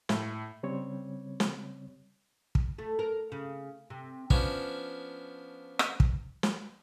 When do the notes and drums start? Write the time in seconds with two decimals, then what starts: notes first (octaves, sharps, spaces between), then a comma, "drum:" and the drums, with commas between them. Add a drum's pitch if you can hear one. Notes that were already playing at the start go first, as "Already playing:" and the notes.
0.09 A2, drum: snare
0.63 C#3 G3 C4 C#5
1.40 drum: snare
2.55 drum: kick
2.78 A3
2.99 A#4
3.32 C#3
3.90 C3
4.30 F3 B3 C#4 D4, drum: kick
5.79 drum: rim click
6.00 drum: kick
6.43 drum: snare